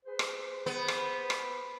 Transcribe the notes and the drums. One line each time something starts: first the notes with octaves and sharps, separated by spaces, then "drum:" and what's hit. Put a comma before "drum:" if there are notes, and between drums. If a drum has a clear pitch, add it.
G#4 B4 C5
drum: rim click
B3
drum: rim click
drum: rim click